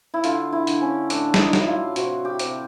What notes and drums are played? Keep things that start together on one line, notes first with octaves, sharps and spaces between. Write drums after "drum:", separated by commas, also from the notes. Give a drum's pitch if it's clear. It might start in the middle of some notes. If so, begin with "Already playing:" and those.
E4
D3 F4, drum: hi-hat
E4
D3, drum: hi-hat
C#4
A2 D4, drum: hi-hat
D#4 E4, drum: snare
F#3, drum: snare
E4
F4
C3 F#4, drum: hi-hat
G4
C3, drum: hi-hat